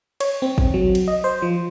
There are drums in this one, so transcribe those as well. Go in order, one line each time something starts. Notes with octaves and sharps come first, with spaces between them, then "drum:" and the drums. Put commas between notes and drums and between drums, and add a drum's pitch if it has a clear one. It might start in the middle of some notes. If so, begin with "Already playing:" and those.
C#5, drum: cymbal
C4
drum: kick
F#3
drum: cymbal
D#5
C5
F3